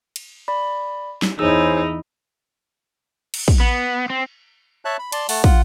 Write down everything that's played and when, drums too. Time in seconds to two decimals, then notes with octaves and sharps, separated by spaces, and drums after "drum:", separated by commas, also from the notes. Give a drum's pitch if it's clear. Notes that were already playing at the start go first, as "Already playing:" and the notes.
0.16 drum: cymbal
0.48 D5 B5
1.22 drum: snare
1.39 E2 D#4 E4 G#4 C5 C#5 G#5 E6
3.34 drum: cymbal
3.48 drum: kick
3.60 B3
4.10 C4
4.85 C#5 E5 A5 F#6
4.99 B5
5.12 D5 A5 C6, drum: cymbal
5.29 A3 F#5 A5, drum: open hi-hat
5.44 F4 F#5, drum: kick